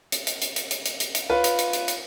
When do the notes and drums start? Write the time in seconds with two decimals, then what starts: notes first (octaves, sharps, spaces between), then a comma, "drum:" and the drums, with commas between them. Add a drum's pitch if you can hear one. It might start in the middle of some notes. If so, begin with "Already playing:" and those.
0.12 drum: hi-hat
0.27 drum: hi-hat
0.42 drum: hi-hat
0.56 drum: hi-hat
0.71 drum: hi-hat
0.86 drum: hi-hat
1.00 drum: hi-hat
1.15 drum: hi-hat
1.29 F4 B4 C#5
1.44 drum: hi-hat
1.59 drum: hi-hat
1.73 drum: hi-hat
1.88 drum: hi-hat